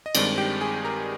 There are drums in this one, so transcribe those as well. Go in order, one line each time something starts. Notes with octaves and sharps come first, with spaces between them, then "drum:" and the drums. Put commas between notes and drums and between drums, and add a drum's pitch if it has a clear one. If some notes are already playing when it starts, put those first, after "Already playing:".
D#5
G2 D#3 G#3 C4 D5, drum: cymbal
G4 G5
G#4 G#5
A#4 A#5